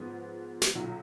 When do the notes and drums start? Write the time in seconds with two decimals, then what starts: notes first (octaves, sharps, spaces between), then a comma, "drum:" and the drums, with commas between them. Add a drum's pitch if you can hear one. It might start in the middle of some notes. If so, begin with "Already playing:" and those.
Already playing: G#2 F3 G#3 B3
0.62 drum: snare
0.75 B1 A#2 F#3 C#4